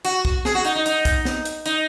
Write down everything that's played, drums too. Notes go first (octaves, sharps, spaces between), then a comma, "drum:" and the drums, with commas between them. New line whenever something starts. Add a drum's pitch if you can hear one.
F#4, drum: hi-hat
drum: kick
G#4, drum: snare
F#4
D#4, drum: hi-hat
D#4
D#4, drum: hi-hat
drum: kick, hi-hat
drum: snare
drum: hi-hat
D#4, drum: hi-hat